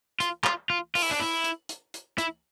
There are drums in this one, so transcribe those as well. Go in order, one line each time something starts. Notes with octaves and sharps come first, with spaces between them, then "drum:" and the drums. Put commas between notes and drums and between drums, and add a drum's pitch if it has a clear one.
F4, drum: hi-hat
F4, drum: clap
F4
F4, drum: open hi-hat
E4
D4
E4
drum: hi-hat
drum: hi-hat
drum: hi-hat
E4, drum: hi-hat